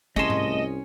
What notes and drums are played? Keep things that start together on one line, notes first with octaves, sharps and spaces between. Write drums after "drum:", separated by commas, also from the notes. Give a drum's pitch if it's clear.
C2 A3 C#4 G#4 D#5 A5 C6, drum: kick
drum: tom G#2